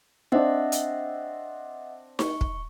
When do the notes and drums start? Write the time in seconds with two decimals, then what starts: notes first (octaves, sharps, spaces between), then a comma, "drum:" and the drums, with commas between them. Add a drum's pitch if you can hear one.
0.32 C4 D4 D#5 E5 F#5
0.72 drum: hi-hat
2.19 C#6, drum: snare D#4
2.41 drum: kick